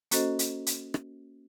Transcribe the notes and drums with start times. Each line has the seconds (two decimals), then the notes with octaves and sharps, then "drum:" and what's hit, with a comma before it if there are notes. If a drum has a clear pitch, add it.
0.11 A#3 C#4 F#4 A4 C5 D#5, drum: hi-hat
0.39 drum: hi-hat
0.66 drum: hi-hat
0.94 drum: rim click